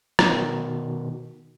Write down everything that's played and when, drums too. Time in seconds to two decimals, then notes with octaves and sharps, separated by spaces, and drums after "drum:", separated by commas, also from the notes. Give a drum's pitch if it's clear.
0.19 B2 D#3, drum: rim click